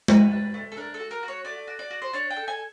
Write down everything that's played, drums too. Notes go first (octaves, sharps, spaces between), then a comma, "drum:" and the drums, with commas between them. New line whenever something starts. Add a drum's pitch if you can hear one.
F#4 B4, drum: tom G#3
D4
A3
A4
D4 A#4
A4
F#4
A#4
F#4
C#5
A3 D5
F#4
D5
F#4
C5
D4 C#5
G5
A4
G#5